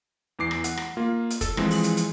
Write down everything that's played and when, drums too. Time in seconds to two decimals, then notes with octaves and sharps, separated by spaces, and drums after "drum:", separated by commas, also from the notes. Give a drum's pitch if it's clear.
0.39 E2 E3 D6 C7
0.51 drum: rim click
0.64 F#5, drum: hi-hat
0.77 drum: rim click
0.97 A#3 F4
1.31 drum: hi-hat
1.41 A4, drum: kick, hi-hat
1.57 E3 F3 G#3 C4, drum: rim click
1.71 drum: open hi-hat
1.84 drum: hi-hat
1.97 drum: hi-hat